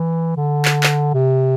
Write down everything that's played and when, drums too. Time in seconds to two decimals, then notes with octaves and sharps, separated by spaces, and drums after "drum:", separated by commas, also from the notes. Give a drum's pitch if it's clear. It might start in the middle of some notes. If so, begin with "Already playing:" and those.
Already playing: E3
0.37 D3
0.65 drum: clap
0.83 drum: clap
1.14 C3